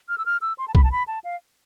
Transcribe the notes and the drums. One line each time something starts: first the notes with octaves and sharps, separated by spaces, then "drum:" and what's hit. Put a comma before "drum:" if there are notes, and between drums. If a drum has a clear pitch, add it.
F6
E6
F6
E6
C6
A5
B5, drum: kick B1
A5
B5
A5
F5